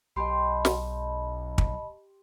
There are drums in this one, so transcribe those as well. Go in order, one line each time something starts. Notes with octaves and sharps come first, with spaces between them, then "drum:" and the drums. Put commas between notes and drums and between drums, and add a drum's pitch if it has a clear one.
B1 G4 D#5 A5 B5 C6
drum: snare
drum: kick